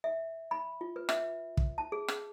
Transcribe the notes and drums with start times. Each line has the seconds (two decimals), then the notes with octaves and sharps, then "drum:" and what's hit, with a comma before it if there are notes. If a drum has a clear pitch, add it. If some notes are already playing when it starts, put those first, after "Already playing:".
0.04 E5
0.51 B5
0.81 F4
0.96 B4
1.09 E5, drum: rim click
1.57 drum: kick
1.78 A5
1.92 G#4
2.08 drum: rim click